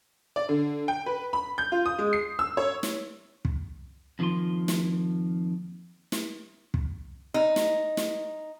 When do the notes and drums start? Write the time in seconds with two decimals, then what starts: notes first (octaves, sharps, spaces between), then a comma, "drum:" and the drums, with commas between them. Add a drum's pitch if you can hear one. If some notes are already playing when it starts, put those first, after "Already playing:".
0.36 D5
0.49 D3
0.88 G5
1.06 B4
1.33 B5
1.58 G6
1.72 F4
1.86 D#6
1.99 G#3
2.13 C7
2.39 E6
2.57 C#5
2.83 drum: snare
3.45 drum: kick
4.19 F2 D#3 F3 A#3 F4 C6
4.68 drum: snare
6.12 drum: snare
6.74 drum: kick
7.34 D#4
7.56 drum: snare
7.97 drum: snare